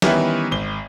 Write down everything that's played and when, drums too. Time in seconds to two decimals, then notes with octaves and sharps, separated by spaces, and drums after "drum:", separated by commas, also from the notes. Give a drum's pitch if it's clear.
0.02 D#3 E3 G3 B3 C#4 E4, drum: snare
0.51 G#1 G7